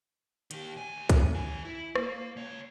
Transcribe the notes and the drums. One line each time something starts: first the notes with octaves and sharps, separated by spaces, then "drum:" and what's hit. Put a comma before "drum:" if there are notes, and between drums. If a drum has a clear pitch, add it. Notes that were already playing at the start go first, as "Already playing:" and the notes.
D#3 G4, drum: hi-hat
D2 G#5
drum: kick, hi-hat
D#3 G#5
E4
A#3, drum: rim click
C#2 C#5